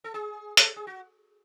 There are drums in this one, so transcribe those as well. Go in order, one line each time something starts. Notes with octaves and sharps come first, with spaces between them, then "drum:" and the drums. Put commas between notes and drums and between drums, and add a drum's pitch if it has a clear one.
A4
G#4
A4, drum: hi-hat
G#4
F#4